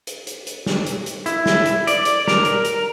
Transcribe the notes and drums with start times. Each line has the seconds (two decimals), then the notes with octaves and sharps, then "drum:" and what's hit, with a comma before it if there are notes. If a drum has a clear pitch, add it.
0.07 drum: hi-hat
0.27 drum: hi-hat
0.47 drum: hi-hat
0.66 drum: snare
0.86 drum: hi-hat
1.06 drum: hi-hat
1.26 E4, drum: hi-hat
1.46 drum: snare
1.65 drum: hi-hat
1.87 D5, drum: hi-hat
2.05 drum: hi-hat
2.28 A#4, drum: snare
2.45 drum: hi-hat
2.65 drum: hi-hat